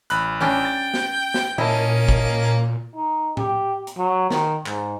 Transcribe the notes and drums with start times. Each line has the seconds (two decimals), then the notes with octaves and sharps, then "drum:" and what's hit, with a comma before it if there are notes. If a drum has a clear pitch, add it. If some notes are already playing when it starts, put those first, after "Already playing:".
0.10 A1 B5 F#6, drum: hi-hat
0.40 G3 C#4 D4 G5
0.65 A6
0.94 drum: snare
1.34 drum: snare
1.58 A#2 A#3 C#4 E4 D#5 A5
2.09 drum: kick
2.95 D#4
3.37 G4, drum: tom A2
3.87 drum: hi-hat
3.97 F#3
4.30 D#3, drum: snare
4.66 G#2, drum: clap